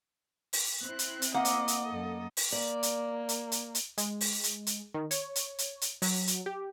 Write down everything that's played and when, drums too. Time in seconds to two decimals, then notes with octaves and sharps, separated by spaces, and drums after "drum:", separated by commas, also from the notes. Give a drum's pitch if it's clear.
0.53 drum: open hi-hat
0.82 C4 E4 F#6
0.99 drum: hi-hat
1.22 drum: hi-hat
1.34 A#3 D#5 F#5
1.45 drum: hi-hat
1.68 drum: hi-hat
1.85 F#2 A4
2.37 drum: open hi-hat
2.52 A#3 D5
2.83 drum: hi-hat
3.29 drum: hi-hat
3.52 drum: hi-hat
3.75 drum: hi-hat
3.98 G#3, drum: hi-hat
4.21 drum: open hi-hat
4.44 drum: hi-hat
4.67 drum: hi-hat
4.94 D#3
5.11 C#5, drum: hi-hat
5.36 drum: hi-hat
5.58 drum: hi-hat
5.81 drum: hi-hat
6.02 F#3, drum: open hi-hat
6.27 drum: hi-hat
6.46 G4